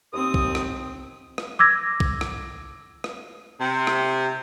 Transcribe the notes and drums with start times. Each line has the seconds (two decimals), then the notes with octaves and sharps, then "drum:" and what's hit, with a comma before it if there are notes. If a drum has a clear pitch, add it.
0.13 D#2 C4 D#6
0.34 drum: kick
0.55 drum: rim click
1.38 drum: rim click
1.59 D6 E6 G#6 A#6
2.00 drum: kick
2.21 drum: rim click
3.04 drum: rim click
3.60 C3
3.87 drum: rim click